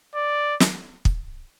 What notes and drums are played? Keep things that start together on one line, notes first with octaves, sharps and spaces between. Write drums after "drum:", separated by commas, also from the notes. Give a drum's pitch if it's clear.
D5
drum: snare
drum: kick